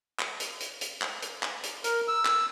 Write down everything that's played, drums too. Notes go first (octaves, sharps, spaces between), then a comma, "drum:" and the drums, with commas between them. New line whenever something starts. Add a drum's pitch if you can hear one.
drum: clap
drum: hi-hat
drum: hi-hat
drum: hi-hat
drum: clap
drum: hi-hat
drum: clap
drum: hi-hat
A#4, drum: hi-hat
E6
drum: clap